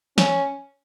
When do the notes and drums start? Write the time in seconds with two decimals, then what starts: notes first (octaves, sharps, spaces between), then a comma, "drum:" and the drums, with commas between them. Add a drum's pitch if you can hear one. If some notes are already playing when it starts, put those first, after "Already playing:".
0.18 C#4, drum: snare